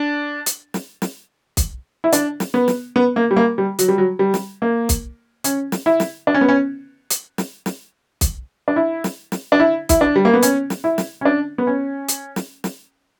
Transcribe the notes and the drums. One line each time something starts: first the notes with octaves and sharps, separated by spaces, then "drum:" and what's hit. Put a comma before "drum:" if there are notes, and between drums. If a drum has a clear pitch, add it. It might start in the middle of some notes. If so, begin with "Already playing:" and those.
Already playing: D4
drum: hi-hat
drum: snare
drum: snare
drum: kick, hi-hat
E4
D4, drum: hi-hat
drum: snare
B3
drum: snare
B3
A#3
G3
A#3
G3
F#3, drum: hi-hat
G3
F#3
G3
drum: snare
A#3
drum: kick, hi-hat
C#4, drum: hi-hat
drum: snare
E4
drum: snare
D4
C#4
B3
C#4
drum: hi-hat
drum: snare
drum: snare
drum: kick, hi-hat
D4
E4
drum: snare
drum: snare
D4
E4
E4, drum: kick, hi-hat
D4
G3
A#3
B3
C#4, drum: hi-hat
drum: snare
E4
drum: snare
C#4
D4
B3
C#4
drum: hi-hat
drum: snare
drum: snare